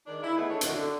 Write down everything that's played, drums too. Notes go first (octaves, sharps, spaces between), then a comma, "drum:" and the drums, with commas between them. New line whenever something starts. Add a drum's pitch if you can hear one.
D#3 G#3 D4
E4
E3 A3 B3 D#4 G#4
D4 D#4 A4 C#5
F#2 D#3 D4 E4 F#4, drum: hi-hat
D3